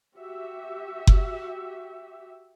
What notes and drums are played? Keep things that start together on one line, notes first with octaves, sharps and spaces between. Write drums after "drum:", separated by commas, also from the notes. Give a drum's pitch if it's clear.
F#4 G4 E5
drum: kick F#1